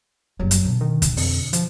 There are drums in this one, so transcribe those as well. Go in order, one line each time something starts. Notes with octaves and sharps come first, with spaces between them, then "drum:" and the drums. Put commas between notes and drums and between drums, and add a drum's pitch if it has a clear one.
F#1 F#3 G3
drum: hi-hat
B2 D3
D#3
drum: kick, hi-hat
F2, drum: open hi-hat
F3, drum: hi-hat